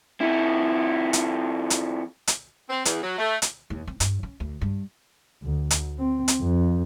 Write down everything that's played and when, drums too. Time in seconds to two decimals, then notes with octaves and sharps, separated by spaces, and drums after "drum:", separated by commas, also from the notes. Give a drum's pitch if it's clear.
0.21 F2 E4
1.13 drum: hi-hat
1.70 drum: hi-hat
2.27 drum: hi-hat
2.70 C4
2.85 E2, drum: hi-hat
3.03 F#3
3.19 A3
3.42 drum: hi-hat
3.70 D#2
3.87 C4
4.00 G2, drum: hi-hat
4.23 C#4
4.40 D2
4.61 G2
5.43 D2
5.71 drum: hi-hat
5.99 C4
6.28 drum: hi-hat
6.40 F2